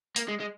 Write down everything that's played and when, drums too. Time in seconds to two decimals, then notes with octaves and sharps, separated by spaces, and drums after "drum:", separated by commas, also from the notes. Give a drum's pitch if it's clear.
0.16 A#3, drum: hi-hat
0.28 G#3
0.40 G#3